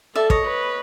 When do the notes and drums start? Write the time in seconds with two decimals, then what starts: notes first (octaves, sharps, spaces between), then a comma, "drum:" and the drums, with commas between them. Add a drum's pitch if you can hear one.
0.15 A4 D5 E5
0.30 C#5 D#5, drum: kick
0.46 B4